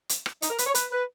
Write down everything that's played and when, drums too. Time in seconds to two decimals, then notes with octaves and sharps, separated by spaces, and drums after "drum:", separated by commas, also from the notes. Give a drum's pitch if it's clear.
0.09 drum: hi-hat
0.26 drum: rim click
0.42 D#4, drum: hi-hat
0.50 A#4
0.58 B4, drum: hi-hat
0.66 C#5
0.75 B4, drum: hi-hat
0.91 B4